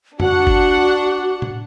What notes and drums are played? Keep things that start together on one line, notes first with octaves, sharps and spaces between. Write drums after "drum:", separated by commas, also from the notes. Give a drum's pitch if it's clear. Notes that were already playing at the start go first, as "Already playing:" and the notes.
D4 F#4 F#5, drum: tom F2
drum: kick G1
drum: tom A2